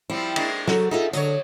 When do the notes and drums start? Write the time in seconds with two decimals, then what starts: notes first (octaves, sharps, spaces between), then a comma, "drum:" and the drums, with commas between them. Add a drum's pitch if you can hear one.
0.10 F3 G3 C4 E4
0.36 G#3 A#3 D4, drum: cymbal
0.68 F#3 F#4 A4, drum: snare
0.91 D#4 F4 G#4 A4 E5
1.13 D3 F#3 C#5 D#5, drum: hi-hat